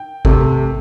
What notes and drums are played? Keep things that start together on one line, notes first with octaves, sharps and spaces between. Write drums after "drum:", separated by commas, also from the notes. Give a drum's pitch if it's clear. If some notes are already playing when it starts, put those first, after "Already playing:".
Already playing: G5
C3 A3, drum: kick G#1